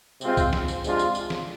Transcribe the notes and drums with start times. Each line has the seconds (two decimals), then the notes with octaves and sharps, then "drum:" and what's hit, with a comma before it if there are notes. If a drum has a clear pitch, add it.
0.21 C3 G#3 C4 F4, drum: tambourine
0.37 drum: kick C2, tambourine
0.53 drum: snare
0.68 drum: tambourine
0.84 C3 G#3 D4 F4, drum: tambourine
0.99 drum: tambourine
1.15 drum: tambourine
1.30 drum: snare